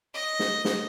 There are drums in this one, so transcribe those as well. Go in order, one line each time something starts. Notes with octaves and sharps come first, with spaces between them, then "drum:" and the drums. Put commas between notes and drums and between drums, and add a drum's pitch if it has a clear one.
D#5
drum: snare
drum: snare